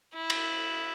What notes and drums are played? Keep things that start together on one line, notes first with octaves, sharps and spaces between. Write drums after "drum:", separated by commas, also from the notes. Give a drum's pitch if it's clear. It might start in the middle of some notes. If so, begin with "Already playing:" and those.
E4
drum: cymbal